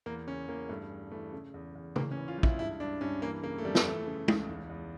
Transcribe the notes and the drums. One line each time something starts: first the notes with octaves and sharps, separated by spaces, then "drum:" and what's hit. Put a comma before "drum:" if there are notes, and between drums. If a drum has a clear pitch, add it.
E2 A#3
C#3 C#4
E2 A#3
G2 A3
E3
E3 A3
C#3
E2
E2
E3 A#3, drum: tom
C#4
E3
F4
C#2
E4, drum: kick
G2 E4
G2 D4
G2 C#4
E3 A#3
C#3 A#3
A3
F2 G3
drum: snare
E3 A3
C#3
C#2, drum: tom
E2
E2